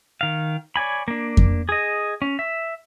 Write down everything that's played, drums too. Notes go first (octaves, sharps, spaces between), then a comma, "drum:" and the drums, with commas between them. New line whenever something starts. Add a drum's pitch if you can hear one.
D#3 F5
C#5 D5 G#5 B5
A#3 D4
drum: kick F2
G#4 D#5
C#4
E5